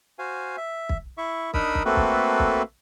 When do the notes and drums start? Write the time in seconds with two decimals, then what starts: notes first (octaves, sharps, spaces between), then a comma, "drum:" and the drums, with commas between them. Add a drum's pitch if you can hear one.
0.19 F#4 C5 F5 G#5
0.57 E5
0.89 drum: kick
1.18 E4 E5 C#6
1.54 D4 D#4 A#4 B5 D#6 E6, drum: kick
1.75 drum: kick
1.85 A3 A#3 C4 F#4 A4 B4
1.97 drum: kick
2.39 drum: kick